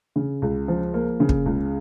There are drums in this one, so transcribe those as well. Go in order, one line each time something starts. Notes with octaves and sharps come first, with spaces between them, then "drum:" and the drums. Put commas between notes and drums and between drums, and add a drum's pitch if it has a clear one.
C#3
C#2
F3
A#3
C#3
drum: kick
C#2